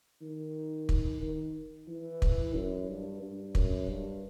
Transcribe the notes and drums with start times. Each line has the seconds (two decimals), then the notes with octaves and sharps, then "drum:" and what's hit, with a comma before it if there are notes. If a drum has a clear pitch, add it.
0.22 D#3
0.89 drum: kick
1.22 D#3
1.88 E3
2.22 drum: kick
2.55 F#2
2.89 G2
3.22 G2
3.55 F#2, drum: kick
3.89 G2